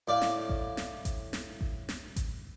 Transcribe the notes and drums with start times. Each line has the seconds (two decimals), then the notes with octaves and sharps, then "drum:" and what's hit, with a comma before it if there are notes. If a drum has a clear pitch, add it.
0.08 A2 D5 F5
0.22 drum: snare
0.49 drum: kick A1
0.77 drum: snare
1.05 drum: kick A1, hi-hat
1.33 drum: snare
1.61 drum: kick A1
1.89 drum: snare
2.16 drum: kick A1, hi-hat